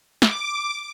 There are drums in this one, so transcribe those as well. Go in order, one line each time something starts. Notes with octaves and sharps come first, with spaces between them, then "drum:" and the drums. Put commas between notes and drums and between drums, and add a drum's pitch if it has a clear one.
D6, drum: snare